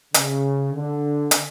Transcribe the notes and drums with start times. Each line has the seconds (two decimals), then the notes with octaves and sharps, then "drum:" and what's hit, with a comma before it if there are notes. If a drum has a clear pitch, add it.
0.14 C#3, drum: hi-hat
0.73 D3
1.31 drum: hi-hat